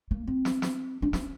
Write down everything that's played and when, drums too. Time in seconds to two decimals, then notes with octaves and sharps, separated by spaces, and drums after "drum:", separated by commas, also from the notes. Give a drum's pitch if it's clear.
0.11 A#3
0.27 C4
0.45 drum: snare
0.62 drum: snare
1.02 D4
1.13 C#4, drum: snare